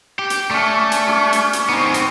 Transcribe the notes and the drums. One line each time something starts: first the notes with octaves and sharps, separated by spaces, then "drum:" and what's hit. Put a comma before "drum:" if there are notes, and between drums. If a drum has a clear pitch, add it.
G4
drum: hi-hat
A3 C#4 D5
drum: hi-hat
G3 C#4 G4
drum: hi-hat
drum: hi-hat
B3 C4 D#4
drum: hi-hat